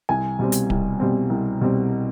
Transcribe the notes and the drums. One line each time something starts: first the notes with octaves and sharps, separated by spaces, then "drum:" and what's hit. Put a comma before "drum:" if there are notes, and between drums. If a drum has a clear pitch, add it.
C2 G#5
B2 G3 C4
drum: hi-hat
C2, drum: kick D1
B2 G3 C4
C2
B2 G3 C4